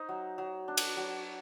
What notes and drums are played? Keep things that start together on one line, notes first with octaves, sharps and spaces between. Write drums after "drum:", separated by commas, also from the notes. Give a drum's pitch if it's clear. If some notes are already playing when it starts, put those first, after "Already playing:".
Already playing: D#4 C5
F#3
F#3
D4
drum: cymbal
F#3